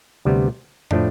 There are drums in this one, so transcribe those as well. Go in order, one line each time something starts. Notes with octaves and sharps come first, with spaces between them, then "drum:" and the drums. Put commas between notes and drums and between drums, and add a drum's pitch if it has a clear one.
D2 C3 G3 B3
A2 F3 A3 D4, drum: tom